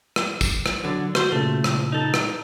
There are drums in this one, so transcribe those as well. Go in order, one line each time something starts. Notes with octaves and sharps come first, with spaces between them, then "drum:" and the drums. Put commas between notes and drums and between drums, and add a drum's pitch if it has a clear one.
drum: rim click
drum: kick, tambourine
drum: rim click
D3 F#3
F#4 C5, drum: rim click
A#2 C#3 A3
drum: rim click
D#4 A4
drum: rim click